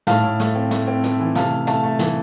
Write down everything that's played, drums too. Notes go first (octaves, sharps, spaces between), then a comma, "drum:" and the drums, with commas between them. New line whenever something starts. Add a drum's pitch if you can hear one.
A2 F5 A5, drum: snare
A2
A3, drum: snare
C4
A3, drum: snare
C4
A3, drum: snare
E3
C3 F5 A5, drum: snare
A3
A3 F5 A5, drum: snare
A3
E3, drum: snare